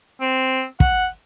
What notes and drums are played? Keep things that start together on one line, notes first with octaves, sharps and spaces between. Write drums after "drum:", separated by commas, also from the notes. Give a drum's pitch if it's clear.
C4
F#5, drum: kick